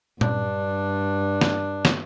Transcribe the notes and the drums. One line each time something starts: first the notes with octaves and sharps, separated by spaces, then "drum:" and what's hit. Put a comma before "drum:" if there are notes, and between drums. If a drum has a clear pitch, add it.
G2 D4, drum: tom A#2
drum: snare
drum: snare